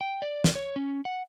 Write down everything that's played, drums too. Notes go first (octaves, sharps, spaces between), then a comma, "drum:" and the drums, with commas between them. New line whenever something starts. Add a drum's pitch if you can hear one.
G5
D5
drum: snare
C#5
C#4
F#5